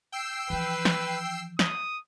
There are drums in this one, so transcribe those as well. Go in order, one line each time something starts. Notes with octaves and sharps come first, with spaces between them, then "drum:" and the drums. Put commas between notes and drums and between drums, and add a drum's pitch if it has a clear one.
G5 E6 C7
E3 F3 B4
drum: snare
D#6, drum: snare